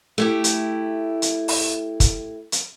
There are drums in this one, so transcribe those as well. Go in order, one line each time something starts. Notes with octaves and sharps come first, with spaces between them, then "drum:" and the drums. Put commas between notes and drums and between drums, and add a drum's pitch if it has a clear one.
A3 E4 G4
drum: hi-hat
drum: hi-hat
drum: open hi-hat
drum: kick, hi-hat
drum: hi-hat